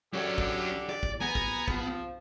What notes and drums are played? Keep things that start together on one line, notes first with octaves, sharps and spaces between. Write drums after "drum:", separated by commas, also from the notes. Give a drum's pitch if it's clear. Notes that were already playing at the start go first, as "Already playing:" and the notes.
D3 F#3 C#4 G4
drum: kick
D5
drum: kick
B3 G#5 A#5
drum: kick
F3, drum: kick